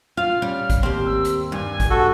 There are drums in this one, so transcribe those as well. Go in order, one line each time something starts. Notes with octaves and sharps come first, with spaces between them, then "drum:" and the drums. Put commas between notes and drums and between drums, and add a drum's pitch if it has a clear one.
F4 F5 F6
G3 C#4
drum: kick G#1, hi-hat
D#2 C4 G4
E6
drum: hi-hat
G2 G#5
drum: kick G#1, hi-hat
F#4 A4